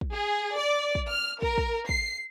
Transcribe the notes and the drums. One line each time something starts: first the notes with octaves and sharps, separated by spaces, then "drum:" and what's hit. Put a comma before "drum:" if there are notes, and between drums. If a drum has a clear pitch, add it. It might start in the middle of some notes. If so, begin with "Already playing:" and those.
drum: kick
G#4
D5
drum: kick
F6
A#4, drum: kick
drum: kick
C7, drum: kick